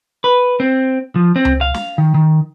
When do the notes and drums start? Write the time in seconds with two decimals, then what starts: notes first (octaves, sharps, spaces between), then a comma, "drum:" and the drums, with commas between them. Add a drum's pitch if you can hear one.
0.24 B4
0.60 C4
1.16 F3
1.36 C4
1.45 drum: tom C#2
1.61 F5
1.74 drum: snare
1.98 D#3
2.14 D#3